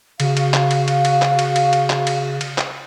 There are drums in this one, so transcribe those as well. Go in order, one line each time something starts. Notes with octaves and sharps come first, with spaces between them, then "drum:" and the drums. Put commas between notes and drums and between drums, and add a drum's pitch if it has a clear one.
C#3 F#4 F5, drum: cymbal
drum: cymbal
drum: clap
drum: cymbal
drum: cymbal
drum: cymbal
drum: clap
drum: cymbal
drum: cymbal
drum: cymbal
drum: clap
drum: cymbal
drum: cymbal
drum: clap